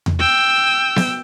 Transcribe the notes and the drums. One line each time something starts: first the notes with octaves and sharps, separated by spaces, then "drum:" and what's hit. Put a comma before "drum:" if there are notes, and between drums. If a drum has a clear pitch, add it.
drum: tom E2
G5 E6
drum: snare B3